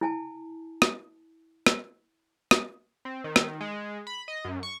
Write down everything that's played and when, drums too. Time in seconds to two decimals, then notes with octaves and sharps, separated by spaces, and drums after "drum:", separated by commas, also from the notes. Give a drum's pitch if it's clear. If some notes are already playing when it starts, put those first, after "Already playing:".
0.01 E4 G#5 A5
0.82 drum: rim click
1.66 drum: rim click
2.51 drum: rim click
3.05 C4
3.24 D#3
3.36 drum: rim click
3.61 G#3
4.07 B5
4.28 D#5
4.45 F#2
4.63 C#6